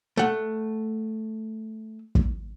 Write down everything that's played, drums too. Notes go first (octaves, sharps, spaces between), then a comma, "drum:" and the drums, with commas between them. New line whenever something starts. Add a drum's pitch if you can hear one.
A3 F#5
drum: kick